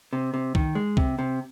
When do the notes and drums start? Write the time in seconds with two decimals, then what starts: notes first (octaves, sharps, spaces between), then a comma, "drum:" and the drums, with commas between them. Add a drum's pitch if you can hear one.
0.13 C3
0.34 C3
0.55 D#3, drum: kick C2
0.75 G#3
0.97 C3, drum: kick C2
1.19 C3